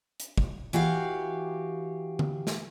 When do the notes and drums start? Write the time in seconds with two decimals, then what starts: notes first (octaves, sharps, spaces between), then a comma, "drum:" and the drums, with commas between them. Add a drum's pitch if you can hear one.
0.20 drum: hi-hat
0.38 drum: kick
0.73 E3 F#4 G4 F5
2.19 drum: tom D3
2.47 drum: snare